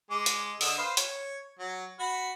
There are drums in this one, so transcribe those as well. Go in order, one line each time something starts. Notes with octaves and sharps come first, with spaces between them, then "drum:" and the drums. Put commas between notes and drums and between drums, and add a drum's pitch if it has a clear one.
G#3 D6
drum: hi-hat
D3 D#5 E6, drum: open hi-hat
B4 C5 F5
C#5, drum: hi-hat
F#3
F#4 B5